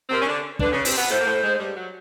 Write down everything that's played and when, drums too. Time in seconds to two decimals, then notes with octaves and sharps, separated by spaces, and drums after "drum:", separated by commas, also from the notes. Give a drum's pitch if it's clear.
0.10 C3 C4 A#4
0.21 C#4
0.27 D3 D4
0.59 D3 D4 B4, drum: kick
0.72 C#3 C#4
0.85 C3 C4, drum: open hi-hat
0.97 B2 B3
1.09 A2 A3 C5
1.20 A#3
1.26 A2 A3
1.43 G#2 G#3
1.59 G2 G3
1.75 F#3